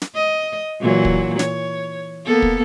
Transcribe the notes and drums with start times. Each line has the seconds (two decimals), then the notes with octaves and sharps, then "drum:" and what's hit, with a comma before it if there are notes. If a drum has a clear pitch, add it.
0.02 drum: snare
0.15 D#5
0.80 A#2 E3 F#3
1.05 drum: kick
1.39 C#5, drum: snare
2.25 A#3 B3 A4
2.42 drum: kick